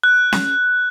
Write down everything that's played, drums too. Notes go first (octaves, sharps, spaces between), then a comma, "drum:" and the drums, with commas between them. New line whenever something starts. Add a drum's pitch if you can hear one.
F#6
drum: snare C#4